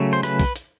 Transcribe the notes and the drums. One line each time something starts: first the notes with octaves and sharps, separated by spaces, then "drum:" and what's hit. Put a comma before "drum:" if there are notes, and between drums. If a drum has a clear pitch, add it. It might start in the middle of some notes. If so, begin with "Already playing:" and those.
Already playing: C#3 F#3 A3 C#4
C5
B4, drum: rim click
drum: kick, open hi-hat
drum: hi-hat